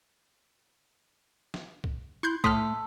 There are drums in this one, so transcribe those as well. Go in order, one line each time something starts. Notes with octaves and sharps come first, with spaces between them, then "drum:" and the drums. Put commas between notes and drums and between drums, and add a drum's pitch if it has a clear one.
drum: snare
drum: kick
E4 C6 F#6 G6
A2 A3 A4 C6 D#6 F6 B6, drum: kick